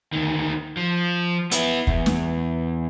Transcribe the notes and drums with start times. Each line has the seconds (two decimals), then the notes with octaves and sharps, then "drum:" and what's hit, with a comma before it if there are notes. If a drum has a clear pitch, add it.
0.13 D2 D#3
0.77 F3
1.51 B3 E4, drum: hi-hat
1.87 E2, drum: kick
2.06 drum: snare